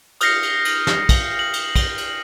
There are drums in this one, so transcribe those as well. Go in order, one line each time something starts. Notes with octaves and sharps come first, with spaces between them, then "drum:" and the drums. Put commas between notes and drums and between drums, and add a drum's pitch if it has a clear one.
D#6 F6 G6 A#6 C7 C#7, drum: cymbal
drum: cymbal
drum: cymbal
drum: snare
drum: kick, cymbal
F#7
drum: cymbal
drum: kick, cymbal
drum: cymbal